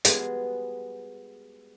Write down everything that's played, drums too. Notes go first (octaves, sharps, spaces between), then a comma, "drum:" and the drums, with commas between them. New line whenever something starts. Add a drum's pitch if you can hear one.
G3 G#3 B3 F#4 G#4, drum: hi-hat